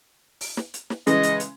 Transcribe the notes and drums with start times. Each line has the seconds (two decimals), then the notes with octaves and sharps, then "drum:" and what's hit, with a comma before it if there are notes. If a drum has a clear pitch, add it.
0.41 drum: open hi-hat
0.57 drum: snare
0.74 drum: hi-hat
0.90 drum: snare
1.07 C#3 E3 G#3 D#5, drum: hi-hat
1.23 drum: hi-hat
1.40 drum: hi-hat